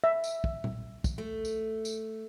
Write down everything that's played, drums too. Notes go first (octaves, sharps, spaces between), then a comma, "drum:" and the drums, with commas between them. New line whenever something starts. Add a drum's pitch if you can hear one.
E5
drum: tambourine
drum: kick
drum: tom A#2
drum: kick, tambourine
A3
drum: tambourine
drum: tambourine